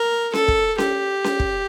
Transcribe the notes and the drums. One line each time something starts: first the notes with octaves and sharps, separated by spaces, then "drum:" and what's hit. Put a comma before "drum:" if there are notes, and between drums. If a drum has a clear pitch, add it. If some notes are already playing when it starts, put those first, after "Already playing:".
Already playing: A#4
A4, drum: snare C#4
drum: kick
G4, drum: snare C#4
drum: snare C#4
drum: kick